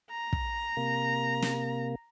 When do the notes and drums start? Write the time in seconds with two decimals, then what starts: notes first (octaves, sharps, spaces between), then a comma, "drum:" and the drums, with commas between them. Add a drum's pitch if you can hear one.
0.11 A#5
0.33 drum: kick
0.77 C3 A#3
1.42 drum: snare